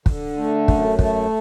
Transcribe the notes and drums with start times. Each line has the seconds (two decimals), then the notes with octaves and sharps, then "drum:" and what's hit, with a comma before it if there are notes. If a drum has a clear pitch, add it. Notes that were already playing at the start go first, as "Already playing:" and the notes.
0.06 D3, drum: kick
0.37 A3
0.68 F#2, drum: kick
0.99 A3, drum: kick